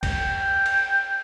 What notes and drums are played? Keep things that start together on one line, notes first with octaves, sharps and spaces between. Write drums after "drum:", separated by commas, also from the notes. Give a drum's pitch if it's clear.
G5, drum: kick, cymbal
drum: cymbal